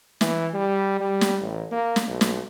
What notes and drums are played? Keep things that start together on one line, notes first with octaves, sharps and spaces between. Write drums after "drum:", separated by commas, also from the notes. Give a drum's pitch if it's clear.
E3, drum: snare
G3
G3
drum: snare
A1
A#3
drum: snare
B1
drum: snare